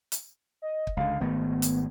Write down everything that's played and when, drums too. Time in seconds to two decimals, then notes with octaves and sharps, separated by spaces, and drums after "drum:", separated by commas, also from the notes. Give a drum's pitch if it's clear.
0.12 drum: hi-hat
0.62 D#5
0.87 drum: kick
0.97 C#2 D3 F5
1.21 G#1 D#3 A3 B3
1.62 drum: hi-hat